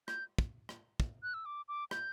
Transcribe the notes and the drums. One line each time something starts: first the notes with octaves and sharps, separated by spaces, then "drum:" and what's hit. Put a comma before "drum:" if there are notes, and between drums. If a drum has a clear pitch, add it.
G6, drum: rim click
drum: kick
drum: rim click
drum: kick
F#6
E6
D6
D6
G6, drum: rim click